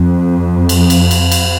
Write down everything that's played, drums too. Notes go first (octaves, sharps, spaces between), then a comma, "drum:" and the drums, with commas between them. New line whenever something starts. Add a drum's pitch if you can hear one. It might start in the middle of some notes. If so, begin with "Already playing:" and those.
Already playing: F2
drum: cymbal
drum: cymbal
drum: cymbal
drum: cymbal